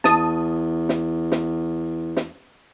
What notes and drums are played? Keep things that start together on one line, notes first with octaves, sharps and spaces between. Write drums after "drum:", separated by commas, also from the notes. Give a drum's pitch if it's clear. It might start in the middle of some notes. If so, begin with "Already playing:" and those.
E2 A5 D#6, drum: snare
drum: snare
drum: snare
drum: snare